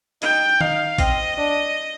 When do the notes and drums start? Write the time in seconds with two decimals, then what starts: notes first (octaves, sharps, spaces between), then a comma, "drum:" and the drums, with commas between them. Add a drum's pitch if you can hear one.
0.22 D#4 G5, drum: hi-hat
0.61 D#4 F5, drum: tom D#3
0.98 C4 D#5, drum: kick A#1, hi-hat
1.37 D4